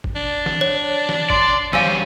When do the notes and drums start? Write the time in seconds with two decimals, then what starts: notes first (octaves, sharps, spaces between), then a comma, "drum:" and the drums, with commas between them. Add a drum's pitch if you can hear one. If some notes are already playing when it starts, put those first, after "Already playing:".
0.04 drum: kick G#1
0.16 D4
0.46 drum: snare
0.61 C#5
1.09 drum: snare
1.30 D5 C6, drum: kick G#1
1.73 G2 C#4 C5 F5 G#5 E6 D#7, drum: snare